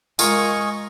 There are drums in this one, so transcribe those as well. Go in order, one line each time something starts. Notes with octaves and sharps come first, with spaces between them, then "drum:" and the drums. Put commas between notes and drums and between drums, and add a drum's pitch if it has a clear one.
G#3 F4 A#4 D#5 G#5 C#6, drum: tambourine